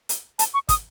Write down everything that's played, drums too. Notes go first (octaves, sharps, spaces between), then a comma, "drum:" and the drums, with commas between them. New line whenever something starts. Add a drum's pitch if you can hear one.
drum: hi-hat
A5, drum: hi-hat
C#6
D#6, drum: kick, hi-hat